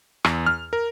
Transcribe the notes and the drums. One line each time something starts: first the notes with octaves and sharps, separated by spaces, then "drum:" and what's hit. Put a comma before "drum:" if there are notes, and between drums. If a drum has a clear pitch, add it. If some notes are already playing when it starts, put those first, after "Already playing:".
E2, drum: rim click
F6
A#4